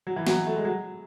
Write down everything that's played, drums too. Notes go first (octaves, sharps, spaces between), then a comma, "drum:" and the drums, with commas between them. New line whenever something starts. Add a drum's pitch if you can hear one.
F#3
E3
F#3, drum: snare
A3
G#3
F#3